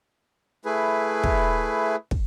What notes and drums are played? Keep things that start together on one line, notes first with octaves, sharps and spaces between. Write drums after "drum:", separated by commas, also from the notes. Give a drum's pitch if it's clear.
A3 E4 G#4 B4
drum: kick
drum: kick